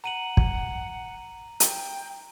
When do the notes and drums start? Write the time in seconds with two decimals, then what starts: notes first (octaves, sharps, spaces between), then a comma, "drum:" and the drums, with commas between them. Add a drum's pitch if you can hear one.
0.04 F#5 A#5 D#7 F#7
0.37 drum: kick
1.60 G5, drum: hi-hat